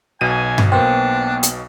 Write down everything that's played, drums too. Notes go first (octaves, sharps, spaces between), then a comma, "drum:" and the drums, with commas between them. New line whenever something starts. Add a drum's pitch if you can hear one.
B1 B2 G#5 D#7
drum: tom G2
A#3 B3 D4 C5 G5
drum: hi-hat